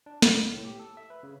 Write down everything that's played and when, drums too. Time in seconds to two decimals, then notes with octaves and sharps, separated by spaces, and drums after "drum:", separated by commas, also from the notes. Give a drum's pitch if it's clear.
0.06 D4
0.22 F6, drum: snare
0.35 C2
0.51 A2
0.65 G4
0.79 A4
0.97 E5
1.10 B4
1.23 C#3